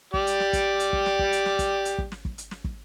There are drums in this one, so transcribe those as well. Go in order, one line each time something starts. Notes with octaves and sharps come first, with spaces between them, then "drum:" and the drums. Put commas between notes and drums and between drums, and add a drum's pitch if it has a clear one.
G4 D5, drum: kick
drum: hi-hat
drum: snare
drum: kick, hi-hat
drum: hi-hat
drum: kick
drum: snare
drum: kick
drum: hi-hat
drum: snare
drum: kick, hi-hat
drum: hi-hat
drum: kick
drum: snare
drum: kick
drum: hi-hat
drum: snare
drum: kick